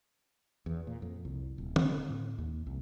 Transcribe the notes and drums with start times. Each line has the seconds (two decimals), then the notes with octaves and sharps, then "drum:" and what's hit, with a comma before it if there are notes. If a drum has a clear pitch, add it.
0.66 E2
0.87 A#2
1.02 F2
1.25 C2
1.58 D#1
1.76 C4, drum: tom D3
2.10 A2
2.38 D#2
2.67 C2